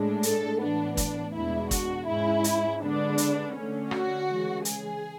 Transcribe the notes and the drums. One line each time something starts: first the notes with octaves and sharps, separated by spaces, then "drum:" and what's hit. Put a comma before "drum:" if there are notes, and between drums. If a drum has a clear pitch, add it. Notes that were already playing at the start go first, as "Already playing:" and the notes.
Already playing: A2 G#3 D4
A4, drum: hi-hat
A2 E3 B3 D4
D4, drum: kick, hi-hat
E2 B2 G#3 D4 E4
F#4, drum: kick, hi-hat
G#2 G#3 C#4 E4
drum: hi-hat
D3 G#3 B3 D4
drum: hi-hat
D3 A3 C#4
F#4, drum: rim click
C#3 E3 G#3
G#4, drum: hi-hat